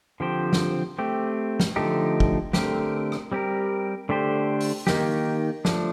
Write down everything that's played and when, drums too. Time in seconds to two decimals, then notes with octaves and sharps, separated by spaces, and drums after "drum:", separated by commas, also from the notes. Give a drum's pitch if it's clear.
0.20 D3 F3 C4 G4 C5
0.53 drum: snare
0.99 A3 C4 G4
1.60 drum: snare
1.76 D3 F3 A3 D#4 G4
2.20 drum: kick
2.53 D3 A3 C4 G4 A#4, drum: snare
3.12 drum: rim click
3.32 G3 C4 G4 A#4
4.09 D3 A3 D4 G4 C5
4.60 drum: open hi-hat
4.87 D#3 A#3 D#4 G4, drum: snare
5.65 F3 A3 D4, drum: snare